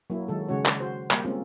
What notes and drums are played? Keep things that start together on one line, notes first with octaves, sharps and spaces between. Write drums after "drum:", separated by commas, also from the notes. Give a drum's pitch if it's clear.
F#3 A#3 E4
D#3 F#3 G#3 D#4 A4
C#3 G#3 C#4 F#4 C#5
drum: clap
F#4 C5
G3 A#3 G4, drum: clap
G#3 A#3 C4 C#4 F4